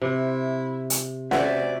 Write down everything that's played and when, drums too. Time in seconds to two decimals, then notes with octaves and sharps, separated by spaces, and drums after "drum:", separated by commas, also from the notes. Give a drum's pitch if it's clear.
0.02 C3 E4
0.90 drum: hi-hat
1.31 F#4 C5 D5 E5 F#5, drum: snare C#4